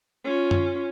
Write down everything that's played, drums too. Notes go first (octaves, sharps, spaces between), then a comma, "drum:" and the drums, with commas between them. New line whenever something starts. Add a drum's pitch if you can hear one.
C#4 F4
drum: tom F#2